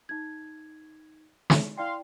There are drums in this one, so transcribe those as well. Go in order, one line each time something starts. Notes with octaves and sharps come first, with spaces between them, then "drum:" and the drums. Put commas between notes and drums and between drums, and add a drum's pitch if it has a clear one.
D#4 G#6
drum: snare
E4 D5 F5 G5 C6